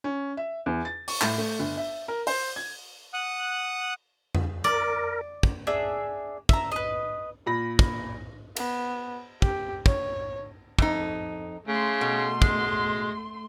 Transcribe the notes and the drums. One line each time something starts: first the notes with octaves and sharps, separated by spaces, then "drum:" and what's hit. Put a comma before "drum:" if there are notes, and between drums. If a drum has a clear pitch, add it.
C#4
E5
E2
A6
C#6, drum: open hi-hat
A2, drum: clap
A3
G1
E5
A#4
C5, drum: open hi-hat
G#6
F#5 D#6 F#6
drum: tom F2
A#4 D5, drum: hi-hat
drum: kick
D4 G#4 E5
E5 A#5, drum: kick
B4 D#5
A#2 B5 A#6
drum: kick
B3, drum: cymbal
G4, drum: kick
C#5, drum: kick
F2 D#4, drum: kick
C#3 A3 C6
B2
G#3, drum: kick